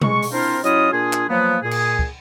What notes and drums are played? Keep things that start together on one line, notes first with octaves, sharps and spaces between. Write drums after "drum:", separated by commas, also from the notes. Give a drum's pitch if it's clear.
G#3 C#6, drum: tom B2
drum: open hi-hat
C4 D4 E4 F4 A#4 C5
F#3 C#4 E4 F4 D#5 D#6, drum: hi-hat
A#2 D4 F4 G#4
drum: clap
F3 F#3 A#3 B3
A#2 G#4
drum: cymbal
drum: kick